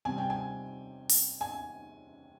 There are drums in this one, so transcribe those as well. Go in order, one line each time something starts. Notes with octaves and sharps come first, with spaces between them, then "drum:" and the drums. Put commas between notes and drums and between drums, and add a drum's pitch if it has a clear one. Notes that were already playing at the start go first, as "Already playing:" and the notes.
C3 G3 G#5
G5
G#5
drum: open hi-hat
G#5